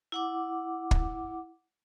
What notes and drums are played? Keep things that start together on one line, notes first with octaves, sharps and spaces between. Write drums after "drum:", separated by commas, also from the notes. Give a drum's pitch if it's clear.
E4 F#5 D6
drum: kick